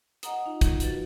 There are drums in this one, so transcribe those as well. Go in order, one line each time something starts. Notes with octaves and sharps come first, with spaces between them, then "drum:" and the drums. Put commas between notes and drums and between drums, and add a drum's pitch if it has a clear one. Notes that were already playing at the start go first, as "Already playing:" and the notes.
D#5 F#5 A#5 D#6, drum: hi-hat
D#4 F4
drum: kick, hi-hat
F3 F#4 B4 A6, drum: hi-hat